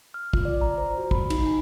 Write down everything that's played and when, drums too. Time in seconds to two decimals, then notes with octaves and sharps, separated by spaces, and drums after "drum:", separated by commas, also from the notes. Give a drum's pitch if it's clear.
0.14 F6
0.33 F4, drum: kick
0.45 D5
0.61 A#5
0.78 C5
0.98 F#4
1.11 B5, drum: kick
1.30 D#4, drum: cymbal
1.46 G#5